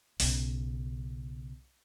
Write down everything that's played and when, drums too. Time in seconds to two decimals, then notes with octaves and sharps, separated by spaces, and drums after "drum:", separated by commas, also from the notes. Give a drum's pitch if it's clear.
0.20 B1 C#3, drum: open hi-hat